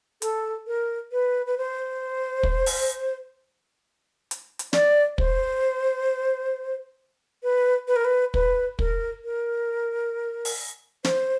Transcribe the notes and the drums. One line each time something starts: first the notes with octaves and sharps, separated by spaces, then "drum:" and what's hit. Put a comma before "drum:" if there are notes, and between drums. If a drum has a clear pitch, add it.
A4, drum: hi-hat
A#4
B4
B4
C5
drum: kick
drum: open hi-hat
drum: hi-hat
drum: hi-hat
D5, drum: snare
C5, drum: kick
B4
B4
A#4
B4
B4, drum: kick
A#4, drum: kick
A#4
drum: open hi-hat
C5, drum: snare